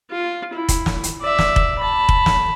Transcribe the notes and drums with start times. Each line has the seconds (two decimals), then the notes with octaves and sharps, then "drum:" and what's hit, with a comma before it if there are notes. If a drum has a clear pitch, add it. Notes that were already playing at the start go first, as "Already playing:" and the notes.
0.10 F4
0.53 E4
0.69 drum: kick F1, hi-hat
0.86 drum: snare
1.04 drum: hi-hat
1.21 D5 E5
1.39 drum: snare
1.56 drum: kick F1
1.79 A5 B5
2.09 drum: kick F1
2.26 drum: snare